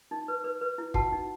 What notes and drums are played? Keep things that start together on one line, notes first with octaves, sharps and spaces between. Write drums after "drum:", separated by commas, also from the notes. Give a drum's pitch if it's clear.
D#4
B4
B4
B4
E4
F#4 F#5 A5, drum: kick
D#4